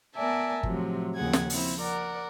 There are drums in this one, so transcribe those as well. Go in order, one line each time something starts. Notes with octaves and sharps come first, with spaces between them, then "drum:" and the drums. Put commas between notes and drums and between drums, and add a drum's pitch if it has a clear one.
B3 A#4 D5 E5 G#5 A5
A2 C3 F3 F#3, drum: kick G1
D#2 C#3 F3 G#4 F#5 G#6
drum: snare
F3 C4 E4, drum: open hi-hat
A#4 D5 F#5